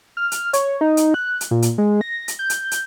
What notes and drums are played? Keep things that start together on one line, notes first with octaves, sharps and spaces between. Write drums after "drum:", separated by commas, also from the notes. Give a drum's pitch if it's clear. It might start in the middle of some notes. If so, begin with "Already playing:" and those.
F6
drum: hi-hat
C#5, drum: hi-hat
D#4
drum: hi-hat
F#6
drum: hi-hat
A#2
drum: hi-hat
G#3
A#6
drum: hi-hat
G6
drum: hi-hat
drum: hi-hat